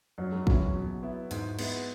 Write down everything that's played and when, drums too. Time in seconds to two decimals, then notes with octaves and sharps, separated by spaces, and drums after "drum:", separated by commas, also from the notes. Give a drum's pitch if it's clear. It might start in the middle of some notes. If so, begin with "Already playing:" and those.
0.18 F#2 F#3
0.32 G#3
0.47 E3 F#3 C#4 E4, drum: kick
0.75 B2
1.02 B3 E4
1.31 G#2, drum: hi-hat
1.59 G#3 B3 E4, drum: cymbal